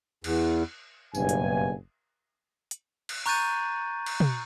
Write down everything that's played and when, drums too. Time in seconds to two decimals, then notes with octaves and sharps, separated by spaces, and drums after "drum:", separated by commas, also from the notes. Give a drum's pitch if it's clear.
0.24 E2, drum: cymbal
1.15 F#1 G2 B2 G#5, drum: tambourine
1.29 drum: hi-hat
2.71 drum: hi-hat
3.09 drum: cymbal
3.26 A#5 C#6 F#6 G6 A6 D#7, drum: open hi-hat
4.06 drum: cymbal
4.20 drum: tom